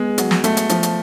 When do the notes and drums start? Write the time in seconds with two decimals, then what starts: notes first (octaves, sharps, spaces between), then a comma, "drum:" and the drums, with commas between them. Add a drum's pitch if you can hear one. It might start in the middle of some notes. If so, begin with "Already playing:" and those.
Already playing: G#3 B3
0.18 F#3, drum: hi-hat
0.31 drum: snare
0.44 A3, drum: hi-hat
0.57 drum: hi-hat
0.69 F3, drum: hi-hat
0.83 drum: hi-hat